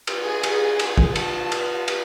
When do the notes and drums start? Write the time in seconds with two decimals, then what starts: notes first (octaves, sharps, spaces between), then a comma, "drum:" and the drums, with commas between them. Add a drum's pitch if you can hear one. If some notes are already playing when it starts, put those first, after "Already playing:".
0.07 drum: cymbal
0.23 G#4
0.43 drum: cymbal
0.79 drum: cymbal
0.98 drum: kick
1.16 A5, drum: cymbal
1.52 drum: cymbal
1.88 drum: cymbal